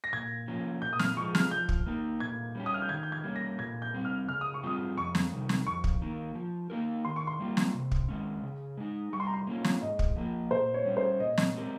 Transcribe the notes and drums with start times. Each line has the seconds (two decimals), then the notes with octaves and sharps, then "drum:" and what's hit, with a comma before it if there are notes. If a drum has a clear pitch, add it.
0.04 A#6
0.13 A#2 G#6
0.48 F3 A#3 C#4 F4
0.82 A#2 G6
0.93 D#6
0.99 F6, drum: snare
1.17 F3 G#3 C#6
1.35 F6, drum: snare
1.51 F3 G6
1.69 drum: kick
1.87 A#3 D#4 A#4
2.20 A#2 G#6
2.55 G3 C#4 G4
2.66 D#6
2.74 F6
2.82 G6
2.89 D#3 G#6
3.03 G6
3.12 G#6
3.24 G3 A#3 C#4
3.36 A#6
3.59 A#2 G#6
3.82 G6
3.94 G3 C4
4.05 F6
4.28 C#3 F6
4.41 D#6
4.54 C#6
4.63 G3 C4 F4 D#6
4.97 F2 C#6
5.15 drum: snare
5.32 C3 D#3 G3
5.49 drum: snare
5.67 F2 C#6
5.84 drum: kick
6.01 D#3 A#3
6.35 F3
6.70 A#3 D#4 G4 A#4
7.05 D#3 C6
7.16 C#6
7.27 C6
7.40 G3 A#3 F4
7.57 drum: snare
7.74 C3
7.91 drum: kick
8.09 D#3 G#3 C#4
8.43 C#3
8.77 G#3 D#4
9.13 G3 C#6
9.20 C6
9.27 A#5
9.34 C6
9.47 A#3 C#4 F4
9.64 drum: snare
9.82 G#2 D#5
9.99 drum: kick
10.16 F3 A#3 F4
10.51 A#2 C5
10.74 C#5
10.85 G3 C#4
10.97 C5
11.20 A#2 D#5
11.38 drum: snare
11.54 G#3 C4 G4 A#4